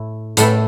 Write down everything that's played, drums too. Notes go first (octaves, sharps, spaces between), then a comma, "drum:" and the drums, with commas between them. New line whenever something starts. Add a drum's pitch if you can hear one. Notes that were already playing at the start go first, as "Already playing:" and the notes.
Already playing: A2 E4
A2 A3 E4, drum: hi-hat